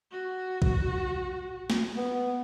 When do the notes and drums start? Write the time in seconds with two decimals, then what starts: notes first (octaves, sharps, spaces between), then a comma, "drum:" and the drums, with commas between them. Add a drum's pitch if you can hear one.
0.12 F#4
0.62 drum: kick B1
1.70 drum: snare
1.97 B3